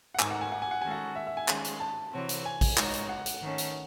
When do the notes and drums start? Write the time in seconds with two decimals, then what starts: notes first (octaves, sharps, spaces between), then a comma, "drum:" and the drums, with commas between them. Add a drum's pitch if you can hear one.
0.14 F#5
0.19 G#2 D#3 A3 D#4 G#5, drum: clap
0.31 F#5
0.41 G#5
0.52 F#5
0.62 G#5
0.71 F#5
0.82 D#3 G#3 C#4 F#4 A4 G#5
0.91 F#5
1.15 E5
1.27 E5
1.37 G#5
1.48 D#3 G#3 C#4 G#4, drum: clap
1.64 drum: hi-hat
1.80 A5
2.13 C3 E3 C4 F#4 C#5
2.29 drum: hi-hat
2.46 G#5
2.61 drum: kick A1, open hi-hat
2.77 G#3 D#4 F#4 C#5, drum: clap
2.94 drum: hi-hat
3.09 F#5
3.26 drum: hi-hat
3.42 D#3 A3 C#4
3.58 drum: hi-hat